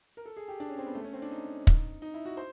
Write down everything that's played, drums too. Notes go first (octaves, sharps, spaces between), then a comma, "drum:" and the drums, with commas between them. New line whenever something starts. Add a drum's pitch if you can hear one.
A#4
A4
G#4
G4
D4
C#4
C4
B3
A3
C#4
C4
D4
D#4
drum: kick
D#4
E4
F#4
C5